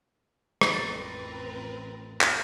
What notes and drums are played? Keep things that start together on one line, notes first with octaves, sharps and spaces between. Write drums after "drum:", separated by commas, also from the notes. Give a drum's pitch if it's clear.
drum: rim click
A1 F2 C4 A#4 B4 A6
drum: clap